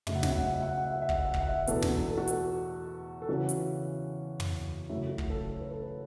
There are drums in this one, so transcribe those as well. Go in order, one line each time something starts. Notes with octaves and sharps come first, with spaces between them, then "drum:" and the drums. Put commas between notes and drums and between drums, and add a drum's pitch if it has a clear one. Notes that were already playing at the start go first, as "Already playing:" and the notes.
C#3 F#3 A3 E5, drum: tom
F#5
E5, drum: snare
F#5
E5
F#5
E5
F#5
E5
F#5
E5
F#5
E5
F#5, drum: kick
E5
F#5
E5, drum: kick
F#5
E5
E2 B2 B3 A4, drum: hi-hat
drum: snare
A4
F#4
A4, drum: hi-hat
A4
C#3 E3 C#4 F#4
drum: hi-hat
drum: tom
F#2 C#3 A3 E4
A4
F#4
drum: kick
A4
C#5
B4
A4
B4